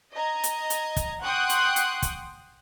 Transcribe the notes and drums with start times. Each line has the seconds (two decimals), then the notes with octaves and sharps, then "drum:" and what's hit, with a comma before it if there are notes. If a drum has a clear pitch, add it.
0.14 D#5 A#5 G#6
0.44 drum: hi-hat
0.70 drum: hi-hat
0.97 drum: kick, hi-hat
1.23 F#5 G5 C6 C#6 D#6 F#6
1.49 drum: hi-hat
1.76 drum: hi-hat
2.02 drum: kick, hi-hat